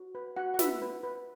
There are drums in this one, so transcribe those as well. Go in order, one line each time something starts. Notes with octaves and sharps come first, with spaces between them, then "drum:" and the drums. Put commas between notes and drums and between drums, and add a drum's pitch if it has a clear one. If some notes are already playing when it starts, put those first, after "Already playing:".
Already playing: F#4
B4
F#4 F#5
F#5
B4 E5, drum: snare
B4
B4